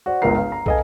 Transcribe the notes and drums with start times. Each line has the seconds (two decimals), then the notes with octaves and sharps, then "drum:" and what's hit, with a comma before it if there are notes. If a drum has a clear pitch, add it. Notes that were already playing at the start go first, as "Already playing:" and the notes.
0.06 F#4 C5 D5
0.22 G1 C#2 A#4 A#5 C7
0.38 F5
0.52 A#5
0.66 A4 B4 D#5 F5 G#5, drum: kick